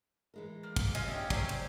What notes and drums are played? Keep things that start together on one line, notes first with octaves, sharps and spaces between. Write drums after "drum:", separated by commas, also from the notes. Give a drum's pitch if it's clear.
E3 G#3 A#4
A#3
drum: kick, cymbal
C#4 F4 F#4 D#5, drum: cymbal
B3 D4 G4 E5
F#3 G#4 C5 D5, drum: kick, cymbal
drum: cymbal